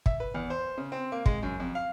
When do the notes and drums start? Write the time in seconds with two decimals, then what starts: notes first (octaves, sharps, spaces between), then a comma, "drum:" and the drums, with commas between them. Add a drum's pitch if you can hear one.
0.06 E5, drum: kick
0.20 B4
0.34 E2
0.50 C5
0.78 C#3
0.92 C4
1.12 A#3
1.26 G#3, drum: kick
1.43 F#2
1.60 F2
1.75 F5